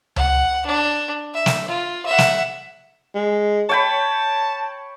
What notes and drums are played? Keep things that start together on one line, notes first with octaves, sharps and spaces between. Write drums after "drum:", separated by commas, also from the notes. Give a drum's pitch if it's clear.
F#5, drum: tom C#2
D4
E5
drum: snare
F4
E5 F#5
drum: snare
G#3
C#5 G5 A5 B5